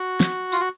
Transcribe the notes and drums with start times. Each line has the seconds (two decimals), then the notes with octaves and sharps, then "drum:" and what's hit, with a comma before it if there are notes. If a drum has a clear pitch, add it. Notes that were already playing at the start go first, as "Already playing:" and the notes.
Already playing: F#4
0.20 drum: snare
0.52 F4, drum: tambourine
0.60 F#4